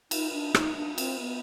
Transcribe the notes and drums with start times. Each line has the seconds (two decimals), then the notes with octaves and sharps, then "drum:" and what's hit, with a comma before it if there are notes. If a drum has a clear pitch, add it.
0.11 D#4, drum: cymbal
0.33 D4
0.54 D#4, drum: rim click
0.76 D4
0.98 C4, drum: cymbal
1.20 B3